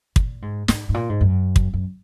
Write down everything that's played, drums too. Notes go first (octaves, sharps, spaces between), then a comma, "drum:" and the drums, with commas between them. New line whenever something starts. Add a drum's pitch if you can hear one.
A#2, drum: kick
G#2
G#2, drum: snare
G#2
A#2
G#2
F#2
drum: kick
F#2